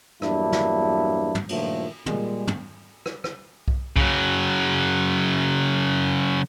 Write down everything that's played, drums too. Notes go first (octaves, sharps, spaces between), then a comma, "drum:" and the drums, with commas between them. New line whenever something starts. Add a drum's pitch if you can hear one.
E2 G2 F#3 A#3 D4 E4, drum: rim click
drum: snare
drum: tom
G2 A#2 D#3 F3 F#3 A3, drum: cymbal
A#2 G3 G#3, drum: tom
drum: tom
drum: rim click
drum: rim click
drum: kick B1
C#3 F#3, drum: kick B1